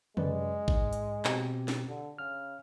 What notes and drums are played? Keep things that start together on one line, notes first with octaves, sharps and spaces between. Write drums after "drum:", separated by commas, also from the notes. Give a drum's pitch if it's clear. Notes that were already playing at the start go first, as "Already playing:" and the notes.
F#2 G#3 B4 D5, drum: tom
G#2, drum: kick A1
drum: hi-hat
B2 C4 G4, drum: clap
drum: snare
D3
C#3 F6